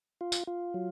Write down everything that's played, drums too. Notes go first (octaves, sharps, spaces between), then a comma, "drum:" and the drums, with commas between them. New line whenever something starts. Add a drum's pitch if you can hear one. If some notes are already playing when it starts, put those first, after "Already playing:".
F4
drum: tambourine
F4
F#3